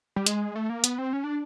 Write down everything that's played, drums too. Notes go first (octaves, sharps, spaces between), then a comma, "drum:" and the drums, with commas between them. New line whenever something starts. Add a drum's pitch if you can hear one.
G3
G#3, drum: hi-hat
A3
A#3
B3, drum: hi-hat
C4
C#4
D4